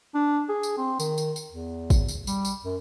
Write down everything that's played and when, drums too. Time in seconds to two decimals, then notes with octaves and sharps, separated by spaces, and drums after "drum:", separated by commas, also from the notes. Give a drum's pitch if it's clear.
0.15 D4
0.49 G#4
0.63 drum: tambourine
0.78 C4
1.00 D#3, drum: tambourine
1.18 drum: tambourine
1.36 drum: tambourine
1.48 E2
1.90 drum: kick G#1, tambourine
2.08 drum: tambourine
2.27 G3, drum: tambourine
2.45 drum: tambourine
2.64 F#2